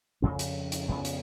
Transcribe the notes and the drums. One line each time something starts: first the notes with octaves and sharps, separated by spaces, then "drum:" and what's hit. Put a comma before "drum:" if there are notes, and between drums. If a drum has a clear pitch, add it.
F2 C#3 C#4
drum: hi-hat
drum: hi-hat
F2 C#3 B3
drum: hi-hat